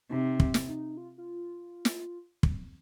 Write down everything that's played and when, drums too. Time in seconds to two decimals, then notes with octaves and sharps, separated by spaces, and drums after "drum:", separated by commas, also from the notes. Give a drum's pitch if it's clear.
0.10 C3 D#4
0.40 drum: kick
0.54 drum: snare
0.69 D#4
0.97 F4
1.18 F4
1.85 drum: snare
2.43 drum: kick